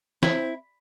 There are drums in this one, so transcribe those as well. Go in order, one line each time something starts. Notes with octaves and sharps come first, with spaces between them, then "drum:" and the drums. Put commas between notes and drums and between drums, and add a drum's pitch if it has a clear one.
C4 E4, drum: snare